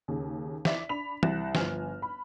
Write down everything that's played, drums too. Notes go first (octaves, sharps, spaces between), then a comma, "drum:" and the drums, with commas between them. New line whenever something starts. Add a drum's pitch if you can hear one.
D#2 C#3
E4 D5 E5 D6 B6, drum: snare
D4 B5 B6 F7
C2 F#6 A6 A#6 E7, drum: tom E3
G1 F3 G#5 F6, drum: snare
B5